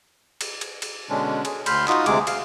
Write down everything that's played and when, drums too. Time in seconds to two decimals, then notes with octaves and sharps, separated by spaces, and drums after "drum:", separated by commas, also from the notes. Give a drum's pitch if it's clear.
0.41 drum: cymbal
0.61 drum: cymbal
0.82 drum: cymbal
1.09 B2 D3 G#3 C#4 D4
1.45 G#4, drum: cymbal
1.66 D2 B5 C6 F6 G6, drum: cymbal
1.88 D#4 F4 F#4 D#6, drum: clap
2.06 D2 C3 G#3 G#4 D6, drum: cymbal
2.27 F5, drum: cymbal